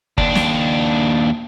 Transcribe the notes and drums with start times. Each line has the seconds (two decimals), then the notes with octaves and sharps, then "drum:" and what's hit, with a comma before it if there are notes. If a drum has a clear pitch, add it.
0.18 D#2 D4, drum: kick G1
0.35 drum: snare